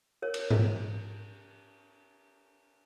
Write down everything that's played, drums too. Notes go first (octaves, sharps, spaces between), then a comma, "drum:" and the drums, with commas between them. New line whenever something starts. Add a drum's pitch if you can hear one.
A#4 C#5
drum: cymbal
drum: tom G#2